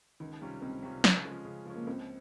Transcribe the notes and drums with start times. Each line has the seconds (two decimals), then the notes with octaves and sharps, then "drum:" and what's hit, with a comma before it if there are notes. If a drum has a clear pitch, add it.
0.20 C#2 D#3
0.41 C3 G3 C#4 F4
0.62 C#2 C4
0.82 C3 G3 C#4 F4
1.04 C#3, drum: snare
1.24 F3 G#3 C#4
1.45 C#3
1.65 F3 G#3 C#4
1.76 A#3
1.87 C#2 C4